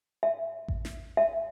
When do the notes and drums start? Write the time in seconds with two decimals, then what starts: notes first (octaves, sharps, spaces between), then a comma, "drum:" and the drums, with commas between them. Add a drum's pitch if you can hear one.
0.23 E5
0.68 drum: kick A1
0.85 drum: snare
1.17 E5